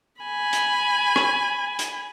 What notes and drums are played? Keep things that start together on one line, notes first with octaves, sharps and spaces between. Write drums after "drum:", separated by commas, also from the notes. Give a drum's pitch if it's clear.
G#5 B5
drum: hi-hat
drum: rim click
drum: hi-hat